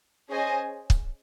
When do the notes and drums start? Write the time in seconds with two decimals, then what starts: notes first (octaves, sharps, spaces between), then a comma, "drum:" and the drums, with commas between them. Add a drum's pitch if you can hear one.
0.29 C#4 G#4 C5 D#5 G#5
0.90 drum: kick